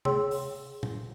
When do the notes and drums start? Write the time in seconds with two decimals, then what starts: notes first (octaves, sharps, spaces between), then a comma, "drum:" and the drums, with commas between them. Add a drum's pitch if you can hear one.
0.05 G#4 C#5 G5 C6 E6, drum: tom C3
0.31 drum: open hi-hat
0.83 drum: tom A#2